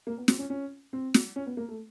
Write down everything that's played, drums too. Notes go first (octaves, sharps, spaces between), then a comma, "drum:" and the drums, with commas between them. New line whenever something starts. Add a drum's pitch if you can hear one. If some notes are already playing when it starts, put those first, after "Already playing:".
A#3
B3
C4, drum: snare
C#4
C#4
C4
drum: snare
C#4
B3
A#3
A3